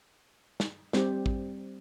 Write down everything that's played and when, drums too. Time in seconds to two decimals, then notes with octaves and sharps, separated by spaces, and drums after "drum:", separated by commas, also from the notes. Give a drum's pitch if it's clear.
0.60 drum: snare
0.93 G3 C4 G4, drum: snare
1.26 drum: kick